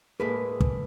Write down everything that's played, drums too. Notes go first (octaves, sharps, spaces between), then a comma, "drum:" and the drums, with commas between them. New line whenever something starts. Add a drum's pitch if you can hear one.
A2 G#3 A#3 G#4 A4 B4
drum: kick